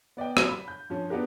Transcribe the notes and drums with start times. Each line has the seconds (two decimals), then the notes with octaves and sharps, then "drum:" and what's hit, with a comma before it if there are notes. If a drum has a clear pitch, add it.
0.17 B3 D5 D#5 G5
0.37 F#3 G3 E4 F4, drum: rim click
0.49 B5
0.68 G6
0.90 G2 F3 C#4
1.10 B3 D4 F4 G4 A#4